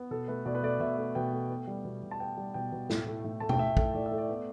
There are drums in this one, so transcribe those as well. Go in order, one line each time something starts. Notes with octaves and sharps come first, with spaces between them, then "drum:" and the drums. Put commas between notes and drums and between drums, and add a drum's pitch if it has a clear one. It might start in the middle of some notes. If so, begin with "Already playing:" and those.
Already playing: B3
B2 A4
A3 B4
B2 D5
B4
A3 D5
B2 E5
A3
B2 G5
A3
B3
G3
B2
B2
A5
B3 G5
G3
B2 G5
B2
A2, drum: snare
A3
A2
A3 A5
G5, drum: tom B2
A2 E5
A3, drum: kick
A2 D5
E5
A3
D5
B3